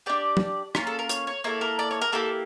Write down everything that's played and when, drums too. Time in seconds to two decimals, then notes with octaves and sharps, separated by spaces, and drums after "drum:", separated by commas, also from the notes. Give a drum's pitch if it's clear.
0.06 D4 G4 D5
0.37 drum: tom
0.75 A#3 C#4 F4 A#4, drum: rim click
0.87 A4
0.99 A#4
1.09 C#5, drum: hi-hat
1.27 C#5
1.44 A#3 E4 A4 C#5
1.61 A#4
1.79 D5
1.91 C#5
2.01 A#4
2.12 A#3 E4 G4 A4